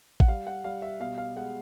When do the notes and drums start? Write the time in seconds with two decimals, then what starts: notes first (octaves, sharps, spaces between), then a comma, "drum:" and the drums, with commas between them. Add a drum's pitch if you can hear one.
0.20 F#5, drum: kick A1
0.28 G3 F5
0.47 F#5
0.64 G3 F5
0.82 E5
1.00 B2 F5
1.18 F5
1.36 G#3 F#5